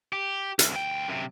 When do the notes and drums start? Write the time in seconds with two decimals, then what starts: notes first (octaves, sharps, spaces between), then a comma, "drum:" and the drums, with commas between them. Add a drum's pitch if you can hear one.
0.13 G4
0.59 C2, drum: hi-hat
0.73 D2 G5
1.08 F#2 C3